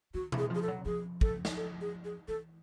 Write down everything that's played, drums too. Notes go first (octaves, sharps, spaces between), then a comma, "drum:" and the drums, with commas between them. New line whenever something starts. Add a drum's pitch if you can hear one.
D#3 F#4
E3, drum: tom B2
G#4
F3
G#4
A4
F#3
F3 G#4
A4, drum: kick
drum: snare
A4
G#4
G#4
E3 A4